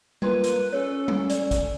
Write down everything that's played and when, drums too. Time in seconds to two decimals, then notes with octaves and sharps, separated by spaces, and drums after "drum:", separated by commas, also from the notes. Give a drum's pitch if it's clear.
0.22 A#3 D4 F4 B4 C6, drum: tom G3
0.44 drum: hi-hat
0.73 C#4 A4 C#5
1.08 drum: tom G3
1.30 D5, drum: hi-hat
1.51 drum: kick, hi-hat